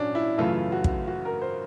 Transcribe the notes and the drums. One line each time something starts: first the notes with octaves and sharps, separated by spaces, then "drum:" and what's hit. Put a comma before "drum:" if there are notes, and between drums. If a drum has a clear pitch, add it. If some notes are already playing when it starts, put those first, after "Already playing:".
Already playing: A#2 F#3 C#4 D4
E4
F#2 C#3 E3 A3 F4
F#4
drum: kick
F#4
A#4
C5